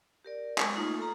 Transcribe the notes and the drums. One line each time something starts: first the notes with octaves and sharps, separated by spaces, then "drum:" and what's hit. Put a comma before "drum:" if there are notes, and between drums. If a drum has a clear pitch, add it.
G4 A#4 D5
G#3, drum: clap
A3 A#3 D#4 F4
A4 A#5